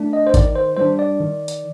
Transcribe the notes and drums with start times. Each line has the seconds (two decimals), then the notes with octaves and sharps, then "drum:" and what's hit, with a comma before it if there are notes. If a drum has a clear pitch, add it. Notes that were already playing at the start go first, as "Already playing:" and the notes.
Already playing: A3 D4
0.13 D#5
0.27 C5
0.34 D#3 D5, drum: kick G1, hi-hat
0.56 C5
0.77 G3 D4 C5
0.99 D5
1.20 D#3
1.48 drum: hi-hat